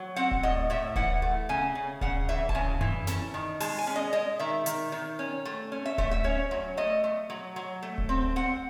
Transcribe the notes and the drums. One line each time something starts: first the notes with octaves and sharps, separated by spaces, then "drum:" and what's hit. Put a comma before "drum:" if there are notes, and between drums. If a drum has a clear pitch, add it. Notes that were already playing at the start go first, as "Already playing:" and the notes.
Already playing: F#3
C4 F#5
drum: kick D1
A2 D#5
A2 E5
E3 F#5, drum: kick D1
A3
C#3 G#5
C#3
C#3 F#5, drum: kick D1
E3 E5
A5, drum: kick D1
C#3 G#5
E3, drum: tom F#2
C#4 A5, drum: snare
D#3
G#3 A5, drum: open hi-hat
G#5
C#4
D#5
G#3 D#5
D#3 E5
D#3, drum: hi-hat
D#3
C#4
A3
C#4
E5
A3 E5, drum: kick D1
E5
C#4 C#5
F#3
A3 D#5
A3
F#3
F#3
A3
drum: kick D1
C4
C4 F#5